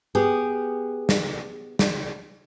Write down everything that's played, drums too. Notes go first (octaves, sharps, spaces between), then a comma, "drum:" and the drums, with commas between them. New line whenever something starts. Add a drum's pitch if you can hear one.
B3 G4 G#4
drum: snare
drum: snare